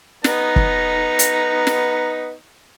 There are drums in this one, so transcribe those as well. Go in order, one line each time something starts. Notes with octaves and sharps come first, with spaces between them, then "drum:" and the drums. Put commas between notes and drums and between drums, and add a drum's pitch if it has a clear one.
B3 D#4 A#5, drum: snare
drum: kick
drum: hi-hat
drum: snare